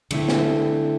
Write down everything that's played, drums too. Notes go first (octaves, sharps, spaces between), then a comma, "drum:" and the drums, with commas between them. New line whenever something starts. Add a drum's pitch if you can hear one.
D3 A3 C4 E4, drum: cymbal
drum: snare